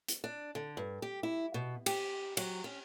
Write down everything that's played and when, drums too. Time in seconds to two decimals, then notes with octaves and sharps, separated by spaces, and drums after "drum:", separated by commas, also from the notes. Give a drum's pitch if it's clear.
0.08 drum: hi-hat
0.24 D4
0.55 D3
0.77 G2
1.02 G4
1.23 E4
1.54 B2
1.86 G4, drum: cymbal
2.37 F#3, drum: cymbal
2.64 C#4